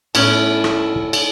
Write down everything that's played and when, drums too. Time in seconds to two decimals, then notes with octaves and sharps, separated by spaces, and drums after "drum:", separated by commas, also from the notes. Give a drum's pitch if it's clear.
0.15 A2 B3 C#4 E4 A4, drum: cymbal
0.64 drum: rim click
1.13 drum: cymbal